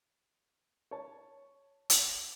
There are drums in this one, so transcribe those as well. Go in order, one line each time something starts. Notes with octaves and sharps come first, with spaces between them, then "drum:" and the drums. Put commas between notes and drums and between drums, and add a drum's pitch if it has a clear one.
C#5 A5
drum: hi-hat